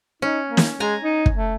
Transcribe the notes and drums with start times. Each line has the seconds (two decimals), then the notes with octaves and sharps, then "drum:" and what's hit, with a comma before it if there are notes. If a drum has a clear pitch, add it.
0.22 C#4 D#4
0.47 A#3
0.57 drum: snare
0.80 G#3 G#5 A#5
1.03 D#4
1.26 drum: kick
1.35 A3